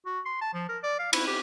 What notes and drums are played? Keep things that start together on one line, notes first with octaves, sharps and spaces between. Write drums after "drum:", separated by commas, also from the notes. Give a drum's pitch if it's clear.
F#4
C6
A5
F3
A#4
D5
F5
E4, drum: cymbal
G4